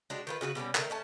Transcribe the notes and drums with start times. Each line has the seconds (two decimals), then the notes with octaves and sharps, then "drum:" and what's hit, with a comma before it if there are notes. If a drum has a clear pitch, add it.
0.10 G#3 D4 F#4 G4
0.27 D#3 F4 B4
0.41 C#3 F#4 G4 B4
0.55 B2 G3 A3 C#4
0.75 D#3 E3 A3 A#4, drum: clap
0.90 A3 C#4 A5